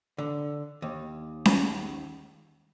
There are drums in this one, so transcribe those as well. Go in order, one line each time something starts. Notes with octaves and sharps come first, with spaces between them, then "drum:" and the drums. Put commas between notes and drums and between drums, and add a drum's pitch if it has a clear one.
D3
D#2
drum: snare C#4